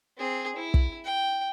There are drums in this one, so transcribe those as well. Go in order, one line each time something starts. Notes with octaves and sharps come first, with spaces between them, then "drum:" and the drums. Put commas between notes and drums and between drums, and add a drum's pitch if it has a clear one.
C4 G#4
E4
drum: kick
G5